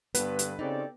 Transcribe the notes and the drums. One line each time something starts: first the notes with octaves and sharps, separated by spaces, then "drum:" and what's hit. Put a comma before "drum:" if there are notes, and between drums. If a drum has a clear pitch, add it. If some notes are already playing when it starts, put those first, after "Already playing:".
G2 D3 B3 B4, drum: hi-hat
drum: hi-hat
C#3 C4 D#4 G4 A4 D5